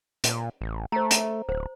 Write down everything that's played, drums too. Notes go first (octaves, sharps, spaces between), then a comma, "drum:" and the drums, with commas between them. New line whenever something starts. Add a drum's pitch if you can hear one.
A#2, drum: hi-hat
A1
A3 C5 A#5
drum: hi-hat
D1 C5